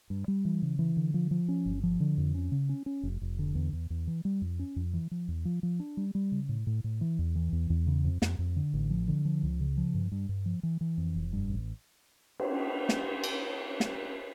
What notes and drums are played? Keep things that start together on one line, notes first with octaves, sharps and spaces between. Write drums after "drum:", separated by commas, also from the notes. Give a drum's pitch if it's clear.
G2
G3
E3
C#3
E3
D3
F3
F3
C#4
G1
F3
D3
F2
C#4
C#3
C#4
C#4
F1
F1
D3
E2
E2
E2
E3
G3
F2
C#4
F2
E3
F3
E2
F3
F3
D4
G3
G3
C#3
A2
A2
A2
E3
E2
E3
E2
E2
C#3
F2
F2, drum: snare
F2
D3
A1
F3
D3
F3
C#2
C#3
F3
G2
G2
G2
F3
E3
E3
F2
F1
G2
A1
drum: cymbal
drum: snare
drum: cymbal
drum: snare